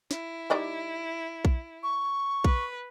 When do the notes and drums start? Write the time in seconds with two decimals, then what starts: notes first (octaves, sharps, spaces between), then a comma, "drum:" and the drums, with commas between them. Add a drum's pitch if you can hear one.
0.11 E4, drum: snare
0.50 G3 D#4 D5
1.45 drum: kick A#1
1.83 C#6
2.44 B4, drum: kick A#1